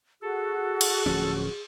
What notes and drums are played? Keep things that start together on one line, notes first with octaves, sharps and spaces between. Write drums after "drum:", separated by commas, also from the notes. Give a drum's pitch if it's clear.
F#4 G#4 A4
drum: cymbal
D1 F3 C#4